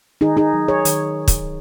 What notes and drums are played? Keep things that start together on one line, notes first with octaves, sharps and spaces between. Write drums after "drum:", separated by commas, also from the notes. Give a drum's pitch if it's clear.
D#3 D#4 G#4
D#4 G#4
F#3
G#4 C#5
D#3, drum: hi-hat
drum: kick, hi-hat